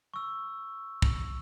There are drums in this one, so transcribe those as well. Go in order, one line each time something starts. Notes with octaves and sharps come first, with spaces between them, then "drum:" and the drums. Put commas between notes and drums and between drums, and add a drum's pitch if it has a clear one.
C#6 E6
drum: kick